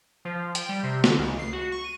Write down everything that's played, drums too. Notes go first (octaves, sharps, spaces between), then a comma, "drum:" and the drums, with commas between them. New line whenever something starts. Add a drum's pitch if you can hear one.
F3
G5, drum: hi-hat
G3
C3
D3, drum: snare
C#2
C7
F#4
C#6
D#7